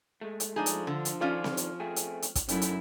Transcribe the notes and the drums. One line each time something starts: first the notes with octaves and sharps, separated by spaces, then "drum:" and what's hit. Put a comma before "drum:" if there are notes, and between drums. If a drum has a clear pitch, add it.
G#3 A3
drum: hi-hat
F3 D4 D#4 G#4
drum: hi-hat
D3
drum: hi-hat
D3 D#3 C#4 F4 D5 F5
drum: snare C4
drum: hi-hat
A3 C4 G#4
drum: hi-hat
drum: hi-hat
drum: kick, hi-hat
F#2 D#3 A3 E4, drum: hi-hat
drum: hi-hat